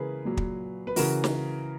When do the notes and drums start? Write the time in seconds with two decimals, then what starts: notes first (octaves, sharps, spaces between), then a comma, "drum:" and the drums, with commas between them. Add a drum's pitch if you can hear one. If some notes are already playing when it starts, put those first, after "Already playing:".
Already playing: C#3 E3 G#4 A#4 B4
0.25 A#2 F#3
0.37 drum: kick
0.87 B4
0.96 C#3 E3 F#4 A#4, drum: open hi-hat
1.24 drum: snare